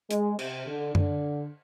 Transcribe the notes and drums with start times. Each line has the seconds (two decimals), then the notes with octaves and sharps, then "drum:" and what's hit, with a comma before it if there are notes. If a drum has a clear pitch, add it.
0.11 G#3, drum: hi-hat
0.39 C3, drum: cymbal
0.67 D3
0.95 D3, drum: tom F#2